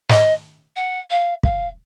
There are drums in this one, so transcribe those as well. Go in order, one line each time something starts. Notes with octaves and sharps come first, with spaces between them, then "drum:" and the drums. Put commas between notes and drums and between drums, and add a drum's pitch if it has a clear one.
D#5, drum: snare
F#5
F5
F5, drum: kick